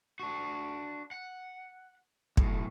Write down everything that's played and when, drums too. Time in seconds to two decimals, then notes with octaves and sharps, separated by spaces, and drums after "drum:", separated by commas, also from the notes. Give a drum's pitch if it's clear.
0.19 D4 F#4
1.11 F#5
2.37 B1 A2, drum: kick